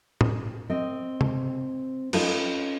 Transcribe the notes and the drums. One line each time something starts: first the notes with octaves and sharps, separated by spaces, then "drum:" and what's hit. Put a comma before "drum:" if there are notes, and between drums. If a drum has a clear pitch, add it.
drum: tom A2
C4 D#5
drum: tom C3
C#4 D#4 F4 A4 B4, drum: cymbal